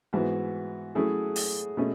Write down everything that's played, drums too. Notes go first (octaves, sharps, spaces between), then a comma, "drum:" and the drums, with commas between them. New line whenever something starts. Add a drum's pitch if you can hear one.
G#2 E3 B3 F#4
F#3 A3 C#4 E4 G#4 A4
drum: open hi-hat
B2 A3 C#4